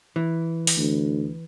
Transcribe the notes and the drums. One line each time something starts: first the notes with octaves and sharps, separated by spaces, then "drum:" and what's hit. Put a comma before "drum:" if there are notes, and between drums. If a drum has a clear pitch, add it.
E3
drum: open hi-hat
D2